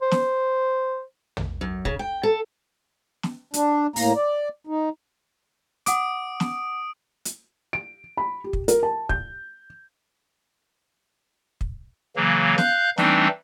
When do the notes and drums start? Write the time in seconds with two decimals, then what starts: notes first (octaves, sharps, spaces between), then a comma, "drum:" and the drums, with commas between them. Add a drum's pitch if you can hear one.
0.02 C5
0.11 drum: snare
1.37 drum: tom
1.61 F#2
1.85 C#3, drum: kick
1.99 G5
2.23 A4
3.23 drum: snare
3.54 D4, drum: hi-hat
3.96 A2 A#3 A#5, drum: open hi-hat
4.16 D5
4.67 D#4
5.86 F#5 D6 D#6 D7, drum: hi-hat
6.40 drum: snare
7.25 drum: hi-hat
7.73 D7
8.17 B5
8.44 G4
8.53 drum: kick
8.68 A#4, drum: hi-hat
8.83 A5
9.09 G6, drum: kick
11.61 drum: kick
12.16 C#3 E3 F#3 A#3
12.58 F5 F#6 G6, drum: snare
12.98 E3 G3 A3 C4 D4 D#4, drum: snare